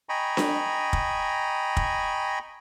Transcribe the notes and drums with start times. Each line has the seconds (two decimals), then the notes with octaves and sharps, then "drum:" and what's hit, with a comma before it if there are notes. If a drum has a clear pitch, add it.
0.09 D#5 G5 G#5 A#5 B5 C#6
0.37 drum: snare D4
0.93 drum: kick
1.77 drum: kick